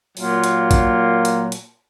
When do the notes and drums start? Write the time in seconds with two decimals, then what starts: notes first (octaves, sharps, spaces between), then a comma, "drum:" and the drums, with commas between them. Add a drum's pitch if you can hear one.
0.17 A#2 F#3 A#3 F4, drum: open hi-hat
0.44 drum: hi-hat
0.71 drum: kick A1, hi-hat
1.25 drum: hi-hat
1.52 drum: hi-hat